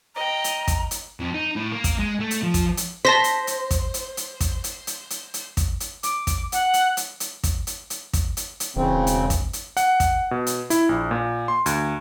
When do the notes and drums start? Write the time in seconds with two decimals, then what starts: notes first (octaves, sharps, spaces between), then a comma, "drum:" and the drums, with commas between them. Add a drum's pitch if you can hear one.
0.16 D#5 G5 A#5
0.44 drum: hi-hat
0.68 drum: kick, hi-hat
0.91 drum: hi-hat
1.20 F2
1.34 D#4
1.56 A2
1.72 A#3
1.84 drum: kick, hi-hat
1.99 G#3
2.20 A3
2.31 drum: hi-hat
2.43 F3
2.54 drum: kick, hi-hat
2.77 drum: hi-hat
3.05 C5 A5 A#6 B6
3.24 drum: hi-hat
3.47 drum: hi-hat
3.71 drum: kick, hi-hat
3.94 drum: hi-hat
4.17 drum: hi-hat
4.40 drum: kick, hi-hat
4.64 drum: hi-hat
4.87 drum: hi-hat
5.10 drum: hi-hat
5.34 drum: hi-hat
5.57 drum: kick, hi-hat
5.80 drum: hi-hat
6.03 D6, drum: hi-hat
6.27 drum: kick, hi-hat
6.52 F#5, drum: hi-hat
6.74 drum: hi-hat
6.97 drum: hi-hat
7.20 drum: hi-hat
7.43 drum: kick, hi-hat
7.67 drum: hi-hat
7.90 drum: hi-hat
8.13 drum: kick, hi-hat
8.37 drum: hi-hat
8.60 drum: hi-hat
8.76 E1 C#3 C4
9.07 drum: hi-hat
9.30 drum: kick, hi-hat
9.53 drum: hi-hat
9.77 F#5, drum: hi-hat
10.00 drum: kick, hi-hat
10.31 B2
10.47 drum: hi-hat
10.70 E4, drum: hi-hat
10.89 A#1
11.11 A#2
11.48 C6
11.66 D2, drum: hi-hat